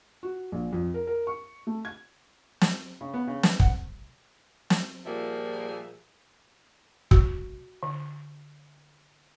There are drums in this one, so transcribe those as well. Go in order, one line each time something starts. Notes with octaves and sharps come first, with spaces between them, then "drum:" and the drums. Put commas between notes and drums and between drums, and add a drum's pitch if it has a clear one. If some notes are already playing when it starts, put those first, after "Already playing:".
F#4
A#1
F2
A#4
A#4
C#6
A3
G#6
drum: snare
C#3
B3
C#3
B4, drum: snare
F#5, drum: kick
drum: snare
A#2 F3 G3 A#3 G#4 E5
F#4, drum: kick
D3